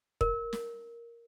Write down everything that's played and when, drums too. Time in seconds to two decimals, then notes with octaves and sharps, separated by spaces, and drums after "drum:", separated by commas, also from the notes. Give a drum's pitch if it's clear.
0.21 A#4, drum: kick
0.53 drum: snare